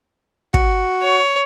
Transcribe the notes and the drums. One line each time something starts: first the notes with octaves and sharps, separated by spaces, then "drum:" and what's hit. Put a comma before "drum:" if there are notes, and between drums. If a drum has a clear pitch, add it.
F#4, drum: kick
C#5